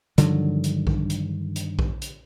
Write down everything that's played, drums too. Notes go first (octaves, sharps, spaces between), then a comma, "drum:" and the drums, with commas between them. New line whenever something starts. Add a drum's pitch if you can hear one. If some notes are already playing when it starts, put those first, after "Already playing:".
G2 D3 D#3 F3 F#3, drum: hi-hat
drum: hi-hat
drum: kick A#1
drum: hi-hat
drum: hi-hat
drum: kick A#1
drum: hi-hat